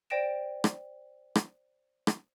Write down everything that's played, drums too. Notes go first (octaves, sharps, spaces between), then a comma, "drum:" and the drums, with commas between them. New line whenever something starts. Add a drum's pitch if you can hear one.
C5 D5 G5 A#6 D7 E7
drum: rim click
drum: rim click
drum: rim click